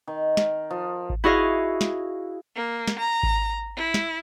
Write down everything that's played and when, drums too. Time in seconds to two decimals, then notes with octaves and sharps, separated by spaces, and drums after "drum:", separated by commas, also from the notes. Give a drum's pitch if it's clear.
0.07 D#3
0.37 A#4, drum: snare
0.70 F3
1.10 drum: kick G#1
1.24 E4 F#4 G#4 D#5 F5
1.81 drum: snare
2.56 A#3
2.88 drum: snare
2.99 A#5
3.23 drum: kick G#1
3.76 E4
3.94 drum: snare